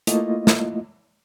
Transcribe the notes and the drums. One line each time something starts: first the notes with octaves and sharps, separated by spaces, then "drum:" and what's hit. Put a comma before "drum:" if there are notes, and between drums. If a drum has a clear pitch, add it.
A3 A#3 E4 F4 D#5, drum: hi-hat
drum: snare